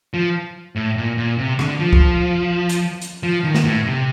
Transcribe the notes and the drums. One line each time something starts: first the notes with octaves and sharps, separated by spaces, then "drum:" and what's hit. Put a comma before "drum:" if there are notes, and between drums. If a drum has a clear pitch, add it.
F3
A2
A#2
A#2
C3
D3, drum: rim click
F3
drum: kick C2
drum: hi-hat
drum: hi-hat
F3
D#3
drum: snare
A2
C3